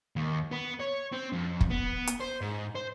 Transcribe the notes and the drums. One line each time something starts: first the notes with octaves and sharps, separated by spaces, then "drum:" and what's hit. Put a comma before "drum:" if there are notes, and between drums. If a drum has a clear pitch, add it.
D#2
B3
C#5
C4
F2
drum: kick
B3
drum: hi-hat
C5
G#2
C5